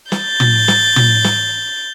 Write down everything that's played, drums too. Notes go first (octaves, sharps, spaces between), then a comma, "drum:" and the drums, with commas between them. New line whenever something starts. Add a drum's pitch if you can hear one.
G6 A6, drum: snare
drum: tom
drum: snare
drum: tom
drum: snare